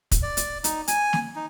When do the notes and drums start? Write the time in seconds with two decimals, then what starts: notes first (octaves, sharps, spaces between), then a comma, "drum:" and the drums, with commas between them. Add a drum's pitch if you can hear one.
0.12 drum: kick, hi-hat
0.22 D5
0.37 drum: hi-hat
0.64 D#4, drum: hi-hat
0.88 G#5, drum: hi-hat
1.13 drum: snare
1.36 D#4